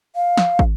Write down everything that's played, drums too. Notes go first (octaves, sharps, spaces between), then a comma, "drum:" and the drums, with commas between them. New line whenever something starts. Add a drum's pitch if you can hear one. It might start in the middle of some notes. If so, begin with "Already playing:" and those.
F5
drum: snare
drum: kick